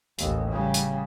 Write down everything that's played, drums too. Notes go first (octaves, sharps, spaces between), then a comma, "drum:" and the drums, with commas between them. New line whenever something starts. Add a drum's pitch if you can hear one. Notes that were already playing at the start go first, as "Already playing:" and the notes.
A1 D#2, drum: hi-hat
C#3 G3
drum: hi-hat